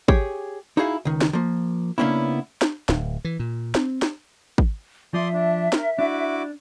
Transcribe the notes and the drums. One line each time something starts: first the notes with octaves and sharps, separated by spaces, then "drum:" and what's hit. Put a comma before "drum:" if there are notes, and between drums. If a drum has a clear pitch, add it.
G4 G#4 C#5, drum: kick
D#4 E4 F#4 G#4 F5
C#2 D#3
drum: snare
F3 A#3
C#3 A#3 B3 C#4 D4 E4
drum: snare
D1, drum: snare
E3
A#2
C4, drum: snare
drum: snare
drum: kick
F3 D5 E5 C6 D#6
D4
A#4, drum: snare
D4 E4 F#4 D6